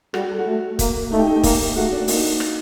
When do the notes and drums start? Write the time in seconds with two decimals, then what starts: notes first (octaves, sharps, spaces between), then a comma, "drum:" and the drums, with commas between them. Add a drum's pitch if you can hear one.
0.14 G3 F#4, drum: rim click
0.31 A4
0.39 F#4
0.46 A3
0.79 A#3, drum: kick, hi-hat
1.11 A3 D#4
1.19 G4
1.27 D#4
1.36 G4
1.43 A#3, drum: kick, open hi-hat
1.76 A3 F#4
1.92 D4
2.08 A#3 D#4, drum: open hi-hat
2.40 drum: rim click